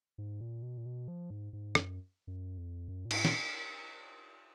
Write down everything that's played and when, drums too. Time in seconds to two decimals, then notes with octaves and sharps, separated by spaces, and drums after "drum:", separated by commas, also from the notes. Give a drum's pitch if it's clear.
0.18 G#2
0.40 A#2
0.62 B2
0.78 A#2
0.86 B2
1.08 F3
1.30 G#2
1.53 G#2
1.75 F#2, drum: rim click
2.27 F#2
2.58 F2
2.88 F#2
3.05 A#2
3.11 G#2, drum: cymbal
3.25 A#2, drum: snare